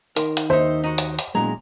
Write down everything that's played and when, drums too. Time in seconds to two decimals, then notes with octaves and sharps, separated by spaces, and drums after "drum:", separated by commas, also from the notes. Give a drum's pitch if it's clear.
0.16 D#3 A#4 C6, drum: hi-hat
0.37 drum: hi-hat
0.50 D#2 D#4 C5 E5
0.84 D#4 F#4
0.98 drum: hi-hat
1.19 drum: hi-hat
1.35 E1 A#2 F#3 G#3 A#5